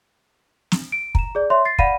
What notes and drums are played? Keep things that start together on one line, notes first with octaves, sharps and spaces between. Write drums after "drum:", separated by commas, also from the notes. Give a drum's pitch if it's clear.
drum: snare
D7
A#5 E7, drum: kick
G#4 D5
C#5 E5 C6
A6 C7
D5 F5 F#5 B5 D#7, drum: kick